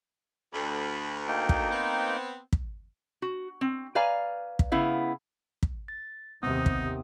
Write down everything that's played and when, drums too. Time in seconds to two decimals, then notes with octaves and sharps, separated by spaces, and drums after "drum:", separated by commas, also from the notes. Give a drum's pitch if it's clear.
0.53 D2 B5
1.28 A#3 D#4 G5
1.49 drum: kick
1.71 B3 C4
2.53 drum: kick
3.22 F#4
3.61 C4
3.95 B4 D5 F5 G#5 A#5
4.59 drum: kick
4.72 C#3 B3 E4 F5
5.63 drum: kick
5.88 A6
6.43 D#2 C3 B3 C4 D#4 D#6
6.66 drum: kick